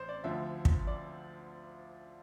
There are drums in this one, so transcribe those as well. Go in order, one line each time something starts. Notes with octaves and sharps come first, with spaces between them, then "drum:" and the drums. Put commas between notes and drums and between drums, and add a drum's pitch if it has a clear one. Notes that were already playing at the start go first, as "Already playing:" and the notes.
Already playing: A1 C5
D5
D2 D3 F3 E5
drum: kick
D5